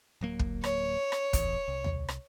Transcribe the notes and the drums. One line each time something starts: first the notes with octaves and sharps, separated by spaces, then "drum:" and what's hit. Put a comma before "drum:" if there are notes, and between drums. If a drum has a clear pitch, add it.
D1 F#3 A#3
drum: kick
C#5, drum: rim click
drum: rim click
A1 E2, drum: kick, hi-hat
C2
drum: tom D#2
drum: rim click